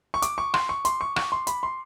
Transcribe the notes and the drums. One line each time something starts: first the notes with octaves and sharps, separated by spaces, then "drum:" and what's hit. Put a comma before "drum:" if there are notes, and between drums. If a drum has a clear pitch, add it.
C#6
D6, drum: hi-hat
C#6
C6, drum: rim click
C#6
C6, drum: hi-hat
C#6
C#6, drum: rim click
C6
B5, drum: hi-hat
C6